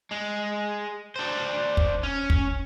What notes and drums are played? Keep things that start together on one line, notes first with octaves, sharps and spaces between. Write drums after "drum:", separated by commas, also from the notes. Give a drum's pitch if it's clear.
G#3
D4 C5
drum: kick
C#4
drum: kick